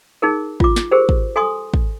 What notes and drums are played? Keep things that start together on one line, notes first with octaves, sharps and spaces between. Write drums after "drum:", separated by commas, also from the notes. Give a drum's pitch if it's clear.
D#4 G#4 A#4
F4 D6, drum: kick
drum: snare
G4 G#4 A#4 C5
drum: kick
A4 G#5 C6 D#6
drum: kick